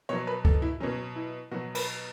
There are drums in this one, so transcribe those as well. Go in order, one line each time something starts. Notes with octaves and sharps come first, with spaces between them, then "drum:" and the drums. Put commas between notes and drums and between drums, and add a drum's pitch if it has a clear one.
B2 F#3 C#5
B4
A4, drum: kick C#2
E4
B2 F#3 C#4
E4
B2 F#3 F#4
B4, drum: cymbal